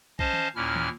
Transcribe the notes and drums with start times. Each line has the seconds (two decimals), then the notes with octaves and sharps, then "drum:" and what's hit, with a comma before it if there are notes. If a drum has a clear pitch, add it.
0.19 C#4 C5 D#5 F5 A5, drum: kick A#1
0.33 drum: tom D#3
0.55 D#2 A#2 C#4 E4 F6
0.76 drum: tom